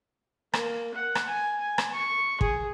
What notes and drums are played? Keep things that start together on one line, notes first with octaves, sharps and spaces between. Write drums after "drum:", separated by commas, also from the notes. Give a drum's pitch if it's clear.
A#3, drum: rim click
F#5
drum: rim click
G#5
G#5
drum: rim click
C#6
G#4, drum: kick